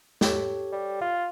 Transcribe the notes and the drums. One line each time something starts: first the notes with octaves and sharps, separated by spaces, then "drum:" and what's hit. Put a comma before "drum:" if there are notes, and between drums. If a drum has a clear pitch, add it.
G4 A4 C#5, drum: snare
G3
F4